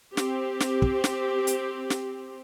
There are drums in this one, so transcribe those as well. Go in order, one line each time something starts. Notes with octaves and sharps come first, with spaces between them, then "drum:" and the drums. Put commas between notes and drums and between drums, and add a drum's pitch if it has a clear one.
C4 G4, drum: snare
drum: snare
drum: kick
drum: snare
drum: hi-hat
drum: snare